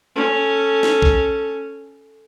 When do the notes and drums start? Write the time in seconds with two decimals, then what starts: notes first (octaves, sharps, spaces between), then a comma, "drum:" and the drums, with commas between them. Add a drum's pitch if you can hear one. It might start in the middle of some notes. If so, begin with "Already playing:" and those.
0.16 C#4 A4
0.83 drum: snare
1.02 drum: kick A#1